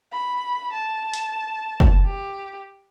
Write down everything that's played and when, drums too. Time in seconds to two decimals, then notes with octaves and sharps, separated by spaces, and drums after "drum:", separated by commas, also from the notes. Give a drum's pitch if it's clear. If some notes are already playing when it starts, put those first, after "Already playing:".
0.12 B5
0.73 A5
1.14 drum: hi-hat
1.80 drum: kick
2.05 G4